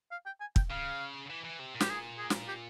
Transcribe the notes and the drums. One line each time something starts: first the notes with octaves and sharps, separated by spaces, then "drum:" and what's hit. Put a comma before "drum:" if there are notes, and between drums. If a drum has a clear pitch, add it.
F5
G5
G#5
G5, drum: kick
C#3 F5
E3
E3
C3
A#2
G4, drum: snare
G#4
G#4
drum: snare
G4